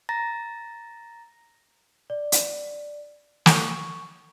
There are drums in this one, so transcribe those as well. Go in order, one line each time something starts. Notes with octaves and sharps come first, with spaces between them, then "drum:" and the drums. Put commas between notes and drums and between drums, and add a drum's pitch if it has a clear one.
A#5 A6 A#6
D5
drum: hi-hat
C#6, drum: snare